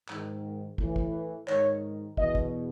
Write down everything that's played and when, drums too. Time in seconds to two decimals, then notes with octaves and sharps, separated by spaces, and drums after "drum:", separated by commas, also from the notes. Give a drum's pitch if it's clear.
0.09 G#2 D#3, drum: clap
0.78 A2 E3, drum: kick
0.96 drum: kick
1.48 G#2 D#3 C#5, drum: clap
2.17 E2 B2 D#5, drum: kick
2.35 drum: kick